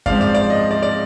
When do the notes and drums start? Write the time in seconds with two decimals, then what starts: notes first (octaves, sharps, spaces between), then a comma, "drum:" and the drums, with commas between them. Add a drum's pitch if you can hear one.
0.06 G#2 F3 C4 D5 F5, drum: kick F#2
0.21 D5
0.35 D5
0.50 D#5
0.71 D5
0.82 D5